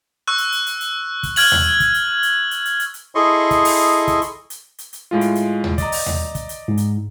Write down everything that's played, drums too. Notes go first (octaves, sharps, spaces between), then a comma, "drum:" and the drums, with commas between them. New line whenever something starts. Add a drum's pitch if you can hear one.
C#6 E6 F#6
drum: hi-hat
drum: hi-hat
drum: hi-hat
drum: hi-hat
drum: kick, hi-hat
F6 G#6 F#7, drum: open hi-hat
drum: tom D#2
drum: kick, hi-hat
drum: hi-hat
drum: hi-hat
drum: hi-hat
drum: hi-hat
drum: hi-hat
drum: hi-hat
E4 G#4 A4 D#5 C6 C#6
drum: kick, hi-hat
drum: open hi-hat
drum: kick, hi-hat
drum: hi-hat
drum: hi-hat
drum: hi-hat
drum: hi-hat
A2 G#3 F4
drum: hi-hat
drum: hi-hat
drum: tom D#2
D5 D#5 A#5, drum: kick, hi-hat
drum: open hi-hat
drum: tom D#2
drum: kick, hi-hat
drum: hi-hat
G#2
drum: hi-hat